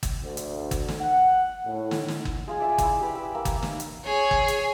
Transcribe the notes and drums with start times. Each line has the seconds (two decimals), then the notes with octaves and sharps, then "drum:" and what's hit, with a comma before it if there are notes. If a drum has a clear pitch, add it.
0.03 drum: kick, hi-hat
0.23 D2
0.37 drum: hi-hat
0.71 drum: kick, hi-hat
0.88 drum: snare
1.01 F#5
1.65 A2
1.91 drum: snare
2.08 drum: snare
2.25 drum: kick
2.47 G#3 F4 G#4
2.60 D5 E5 G#5
2.78 E4 C6, drum: kick, hi-hat
3.00 G4 B4
3.15 E6
3.35 A#3
3.45 drum: kick, hi-hat
3.63 drum: snare
3.80 drum: hi-hat
4.05 G#4 C#5
4.31 drum: kick
4.48 drum: hi-hat